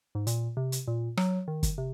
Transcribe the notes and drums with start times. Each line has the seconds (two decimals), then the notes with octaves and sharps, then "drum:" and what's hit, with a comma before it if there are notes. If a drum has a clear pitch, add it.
0.15 G#2
0.27 A#2, drum: hi-hat
0.57 C3
0.72 drum: hi-hat
0.88 A#2
1.17 F#3, drum: rim click
1.48 D#3
1.63 drum: kick, hi-hat
1.78 C3